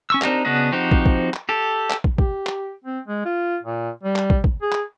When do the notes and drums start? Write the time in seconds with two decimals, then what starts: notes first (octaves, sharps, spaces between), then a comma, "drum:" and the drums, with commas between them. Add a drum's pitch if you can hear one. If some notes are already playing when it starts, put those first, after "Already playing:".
0.10 C#4 C#6 E6
0.22 C4 D4 D#4 G4 A#4, drum: clap
0.45 C#3 B3 D4 F#4 D#5
0.72 F3 C4 D#4 F#4 G4
0.91 drum: kick
1.06 drum: kick
1.34 drum: clap
1.49 G4 A4
1.90 drum: clap
2.04 drum: kick
2.18 G4, drum: kick
2.47 drum: clap
2.84 C4
3.08 G#3
3.25 F4
3.63 A#2
4.03 G3
4.16 drum: clap
4.30 drum: kick
4.44 drum: kick
4.62 G#4
4.72 drum: clap